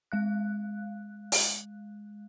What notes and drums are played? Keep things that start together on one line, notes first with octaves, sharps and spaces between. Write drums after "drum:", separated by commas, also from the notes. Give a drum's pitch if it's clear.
G#3 F5 F#6
drum: open hi-hat